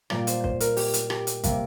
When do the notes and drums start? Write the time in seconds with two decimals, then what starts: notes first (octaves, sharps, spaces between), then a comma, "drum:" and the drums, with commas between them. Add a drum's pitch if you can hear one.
0.10 A#2 G3 A#3 D5, drum: rim click
0.27 C5, drum: hi-hat
0.44 C5, drum: kick
0.60 A#4, drum: hi-hat
0.77 G4, drum: open hi-hat
0.94 drum: hi-hat
1.10 G4, drum: rim click
1.27 drum: hi-hat
1.44 C3 G3 A#3, drum: kick, hi-hat